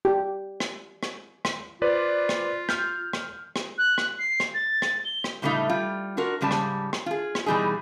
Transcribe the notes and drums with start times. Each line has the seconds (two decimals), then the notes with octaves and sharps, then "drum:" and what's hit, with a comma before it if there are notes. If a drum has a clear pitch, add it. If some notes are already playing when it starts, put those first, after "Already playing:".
0.05 G4
0.60 drum: rim click
1.03 drum: rim click
1.45 drum: rim click
1.82 F4 B4 C5 D5
2.29 drum: rim click
2.69 F6 G6, drum: rim click
3.13 drum: rim click
3.56 drum: rim click
3.78 F#6
3.98 drum: rim click
4.19 C7
4.40 drum: rim click
4.54 A6
4.82 drum: rim click
5.05 G7
5.24 drum: rim click
5.42 A2 C#3 G3 A3 D#4 F4
5.69 G3 F4
6.17 D4 F4 F#4 A#4
6.41 G#2 C#3 G3 A4 A5
6.51 drum: rim click
6.93 drum: rim click
7.06 F4 G#4
7.35 drum: rim click
7.46 B2 E3 G3 D#4 G#4